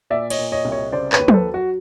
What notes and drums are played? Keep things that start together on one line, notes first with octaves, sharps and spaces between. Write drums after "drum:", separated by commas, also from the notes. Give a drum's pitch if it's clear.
A#2 D5 E5
C#5 D#5, drum: cymbal
A#2
C#5 D#5
C2
C#5 D#5
C#3 C5 D5
B4 C#5, drum: clap
D#2
C5, drum: tom
A4 B4
F#3
F#4